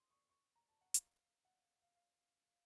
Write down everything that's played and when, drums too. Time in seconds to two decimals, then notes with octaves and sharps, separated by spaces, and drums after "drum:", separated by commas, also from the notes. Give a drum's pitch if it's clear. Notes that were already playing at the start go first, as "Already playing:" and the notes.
Already playing: C6 D#6
0.10 C#6
0.29 C#6
0.56 A#5
0.69 A5
0.81 F#5
0.94 F5, drum: hi-hat
1.45 F#5
1.82 F5
1.95 F5